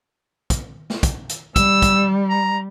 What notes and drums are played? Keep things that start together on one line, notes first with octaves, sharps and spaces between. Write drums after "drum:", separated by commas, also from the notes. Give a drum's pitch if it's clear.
drum: kick, hi-hat
drum: snare
drum: kick, hi-hat
drum: hi-hat
G3 E6, drum: kick, hi-hat
drum: kick, hi-hat
A#5